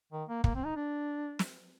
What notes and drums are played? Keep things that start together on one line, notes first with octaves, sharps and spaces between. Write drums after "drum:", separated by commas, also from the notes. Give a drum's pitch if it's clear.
D#3
A#3
A#3, drum: kick
C4
D#4
D4
drum: snare